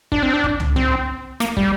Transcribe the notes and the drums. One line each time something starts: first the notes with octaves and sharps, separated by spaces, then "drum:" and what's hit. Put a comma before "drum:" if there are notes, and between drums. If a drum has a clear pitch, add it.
D4, drum: kick
C4
D4
drum: kick
drum: tom
C4, drum: tom
A#3, drum: rim click
G3, drum: kick